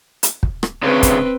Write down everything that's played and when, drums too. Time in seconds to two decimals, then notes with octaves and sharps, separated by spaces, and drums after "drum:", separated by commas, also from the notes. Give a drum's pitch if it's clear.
0.23 drum: hi-hat
0.43 drum: kick
0.63 drum: rim click
0.83 D2 C#3 C4 B4
1.03 drum: kick, hi-hat